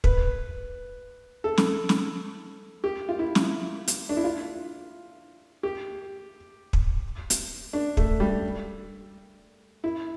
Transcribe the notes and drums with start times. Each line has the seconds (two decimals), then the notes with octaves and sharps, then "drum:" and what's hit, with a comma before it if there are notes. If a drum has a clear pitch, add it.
0.04 B4, drum: kick
1.44 A4
1.58 drum: snare
1.89 drum: snare
2.84 G4
3.09 F4
3.19 E4
3.35 drum: snare
3.88 drum: hi-hat
4.09 D4
4.17 E4
4.24 F4
5.63 G4
6.73 drum: kick
7.30 drum: hi-hat
7.73 D4
7.97 A3, drum: kick
8.20 G3
9.84 E4